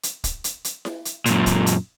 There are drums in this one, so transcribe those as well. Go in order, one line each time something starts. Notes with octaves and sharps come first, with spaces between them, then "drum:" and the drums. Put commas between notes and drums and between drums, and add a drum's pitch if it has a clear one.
drum: hi-hat
drum: kick, hi-hat
drum: hi-hat
drum: hi-hat
drum: snare E4
drum: hi-hat
F#2 A#2, drum: hi-hat
drum: kick, hi-hat
drum: hi-hat